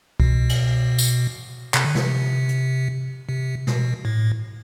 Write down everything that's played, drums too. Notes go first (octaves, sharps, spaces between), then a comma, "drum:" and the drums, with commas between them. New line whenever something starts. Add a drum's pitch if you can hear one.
B2, drum: kick C2
drum: cymbal
drum: tambourine
C3, drum: clap
D3
C3, drum: snare
drum: hi-hat
C3
B2, drum: snare
A2